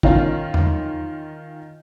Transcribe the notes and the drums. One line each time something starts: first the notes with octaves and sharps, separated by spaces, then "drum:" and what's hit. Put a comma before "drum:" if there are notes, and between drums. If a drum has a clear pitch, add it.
D#3 C#4 F4, drum: kick
drum: tom E2